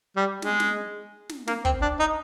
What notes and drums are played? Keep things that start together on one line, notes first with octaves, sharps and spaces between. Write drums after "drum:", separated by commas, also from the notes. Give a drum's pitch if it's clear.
G3
G#3, drum: snare
drum: snare
drum: snare
A#3, drum: snare
C4, drum: kick
D4
D#4